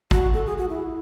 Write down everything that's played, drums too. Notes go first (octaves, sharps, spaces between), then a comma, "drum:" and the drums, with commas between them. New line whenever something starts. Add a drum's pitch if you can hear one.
F#4, drum: kick
A4
G#4
F#4
E4